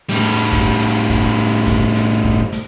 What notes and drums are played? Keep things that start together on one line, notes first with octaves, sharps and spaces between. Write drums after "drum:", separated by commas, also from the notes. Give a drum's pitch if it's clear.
A2 G3
drum: hi-hat
drum: kick, hi-hat
drum: hi-hat
drum: kick, hi-hat
drum: kick, hi-hat
drum: hi-hat
drum: kick
drum: hi-hat